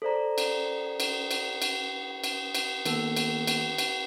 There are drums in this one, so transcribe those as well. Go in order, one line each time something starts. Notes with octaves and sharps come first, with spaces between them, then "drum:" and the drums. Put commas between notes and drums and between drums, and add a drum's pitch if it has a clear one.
A4 C5 D5 A#5
drum: cymbal
drum: cymbal
drum: cymbal
drum: cymbal
drum: cymbal
drum: cymbal
D#3 A#3 B3 A4, drum: cymbal
drum: cymbal
drum: cymbal
drum: cymbal